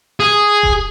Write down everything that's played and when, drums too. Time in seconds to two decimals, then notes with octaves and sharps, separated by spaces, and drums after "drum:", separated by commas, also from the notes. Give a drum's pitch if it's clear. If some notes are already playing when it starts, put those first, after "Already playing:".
0.20 G#4
0.63 drum: kick E1